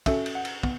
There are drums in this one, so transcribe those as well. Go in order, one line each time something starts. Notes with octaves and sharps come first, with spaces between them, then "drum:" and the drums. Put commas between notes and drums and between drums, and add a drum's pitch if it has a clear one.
C#4 F#4 A4 E5, drum: kick, cymbal
drum: cymbal
F#5
drum: cymbal
B3, drum: kick